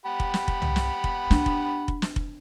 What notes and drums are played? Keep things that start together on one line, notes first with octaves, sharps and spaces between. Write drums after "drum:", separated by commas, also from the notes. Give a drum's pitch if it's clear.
G4 F#5 B5
drum: kick F1
drum: snare
drum: kick F1
drum: tom C2
drum: snare
drum: kick F1
D4, drum: snare
drum: kick F1
drum: kick F1
drum: snare
drum: kick F1